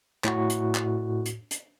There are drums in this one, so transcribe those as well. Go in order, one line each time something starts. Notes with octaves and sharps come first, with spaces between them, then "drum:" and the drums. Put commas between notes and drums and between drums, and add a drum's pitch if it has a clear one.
A2 F#4, drum: clap
drum: hi-hat
drum: clap
drum: hi-hat
drum: hi-hat